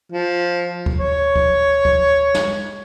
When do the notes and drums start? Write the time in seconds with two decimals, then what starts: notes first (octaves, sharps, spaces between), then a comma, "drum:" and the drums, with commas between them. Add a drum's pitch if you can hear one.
0.12 F3
0.86 drum: kick D2
0.99 C#5
1.36 drum: kick D2
1.85 drum: kick D2
2.34 drum: snare